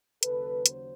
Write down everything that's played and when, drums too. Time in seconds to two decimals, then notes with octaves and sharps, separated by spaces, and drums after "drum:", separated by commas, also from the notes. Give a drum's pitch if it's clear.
0.23 D#2 C#3 F#3 A4 B4, drum: hi-hat
0.66 C5, drum: hi-hat